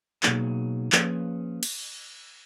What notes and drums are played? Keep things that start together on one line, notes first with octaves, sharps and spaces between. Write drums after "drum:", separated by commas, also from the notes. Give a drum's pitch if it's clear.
B2 F#3 A#3 D#4 G#4, drum: clap
F3 A#3 C#4 G#4 B4, drum: clap
drum: cymbal